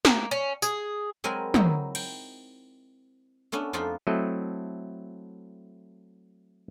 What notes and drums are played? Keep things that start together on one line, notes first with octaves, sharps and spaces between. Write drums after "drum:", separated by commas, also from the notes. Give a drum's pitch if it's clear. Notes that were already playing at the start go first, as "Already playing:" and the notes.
A#3, drum: snare
C#4
G#4, drum: tambourine
F#3 G#3 C4 A#4 B4 G#5
F#3 D#4 E4, drum: tom
G5, drum: cymbal
A3 B3 C#4 D4
F2 F3 D4 D#4 F4 B5
F#3 A3 C4 E4 A4 D#5